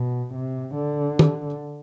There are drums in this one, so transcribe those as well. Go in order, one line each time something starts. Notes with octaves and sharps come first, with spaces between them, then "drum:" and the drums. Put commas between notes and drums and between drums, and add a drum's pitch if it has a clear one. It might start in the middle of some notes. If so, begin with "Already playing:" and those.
Already playing: B2
C3
D3
drum: tom